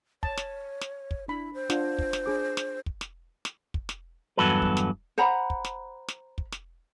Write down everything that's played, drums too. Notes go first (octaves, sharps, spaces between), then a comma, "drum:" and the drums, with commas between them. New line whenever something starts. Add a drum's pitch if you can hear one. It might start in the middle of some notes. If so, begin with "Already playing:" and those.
C#5 A5, drum: kick
drum: snare
drum: snare
drum: kick
D4 E4 B5
C5
D4 F4 F#5, drum: snare
drum: kick
drum: snare
D4 G#4 D6
drum: snare
drum: kick
drum: snare
drum: snare
drum: kick
drum: snare
E2 G2 F#3 F#4 A4 B4
drum: kick
drum: snare
C5 F#5 A#5 B5
drum: kick
drum: snare
drum: snare
drum: kick
drum: snare